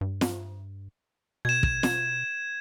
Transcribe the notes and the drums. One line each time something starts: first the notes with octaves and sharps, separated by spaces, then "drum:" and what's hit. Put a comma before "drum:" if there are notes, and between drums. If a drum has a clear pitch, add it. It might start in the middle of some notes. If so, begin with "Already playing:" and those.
G2
drum: snare
B2 G#6 E7
drum: kick
drum: snare